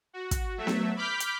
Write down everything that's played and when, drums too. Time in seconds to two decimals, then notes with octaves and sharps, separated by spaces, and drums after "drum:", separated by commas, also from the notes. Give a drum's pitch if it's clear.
0.13 F#4
0.31 drum: kick, hi-hat
0.58 F#3 A3 E5
0.67 drum: snare B3
0.96 B5 D6 F6 G6 B6
1.20 drum: hi-hat